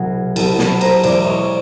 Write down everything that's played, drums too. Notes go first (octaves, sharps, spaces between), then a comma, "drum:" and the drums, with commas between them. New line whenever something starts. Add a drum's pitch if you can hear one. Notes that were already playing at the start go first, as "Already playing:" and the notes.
Already playing: C2 B2 F#3 F#4 G#4
C2 B2 F#3 G4 A4, drum: cymbal
A4 B4, drum: snare
A#4 C5, drum: cymbal
E2 B2 G#3 C5 D5, drum: cymbal
C#5 D#5